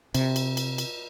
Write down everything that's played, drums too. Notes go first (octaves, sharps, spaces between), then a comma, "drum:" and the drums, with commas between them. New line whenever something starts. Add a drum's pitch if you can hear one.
C3, drum: cymbal
drum: cymbal
drum: cymbal
drum: cymbal